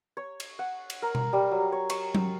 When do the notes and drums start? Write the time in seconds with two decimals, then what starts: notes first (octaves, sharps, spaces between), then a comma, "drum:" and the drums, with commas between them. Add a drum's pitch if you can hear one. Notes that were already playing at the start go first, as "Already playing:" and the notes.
0.17 C#5
0.40 drum: cymbal
0.59 F#5
0.90 drum: cymbal
1.02 A#4
1.15 drum: tom B2
1.33 G3
1.51 F#3
1.72 C#5
1.90 C#6, drum: cymbal
2.15 drum: tom F#3